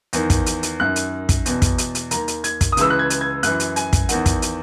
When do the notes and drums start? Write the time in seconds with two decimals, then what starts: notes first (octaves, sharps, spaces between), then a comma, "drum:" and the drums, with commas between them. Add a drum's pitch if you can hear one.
0.13 E2 D#3, drum: hi-hat
0.30 drum: kick, hi-hat
0.46 drum: hi-hat
0.63 drum: hi-hat
0.79 F#2 D#3 F#6
0.96 drum: hi-hat
1.29 drum: kick, hi-hat
1.46 E2 B2, drum: hi-hat
1.62 drum: kick, hi-hat
1.78 drum: hi-hat
1.95 drum: hi-hat
2.11 D#2 D#3 A#5, drum: hi-hat
2.28 drum: hi-hat
2.44 G#6, drum: hi-hat
2.61 drum: kick, hi-hat
2.72 D#6
2.77 C#2 C#3 E3 E6, drum: hi-hat
2.90 F#6
2.99 G#6
3.10 drum: hi-hat
3.21 G#6
3.43 F#2 E3 F#6, drum: hi-hat
3.60 drum: hi-hat
3.76 G#5, drum: hi-hat
3.93 drum: kick, hi-hat
4.09 E2 D#3 F#5, drum: hi-hat
4.26 drum: kick, hi-hat
4.42 drum: hi-hat